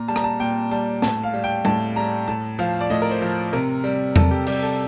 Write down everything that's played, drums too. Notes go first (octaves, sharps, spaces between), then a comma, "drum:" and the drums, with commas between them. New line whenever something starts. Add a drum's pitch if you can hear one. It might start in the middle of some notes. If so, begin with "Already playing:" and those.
Already playing: A#2 A#5
G3 A5
A#5, drum: rim click
A5
A#2 G5
G3 A5
A2 A5, drum: snare
F5
G3
G5
A2 A5, drum: tom G3
G3 A#5
A2 A5
F3 F5
D5
A2 D#5
A#4
C5
F3
C3 A#4
G3
C3 A4, drum: tom E2
G4
G3 G4, drum: cymbal
A4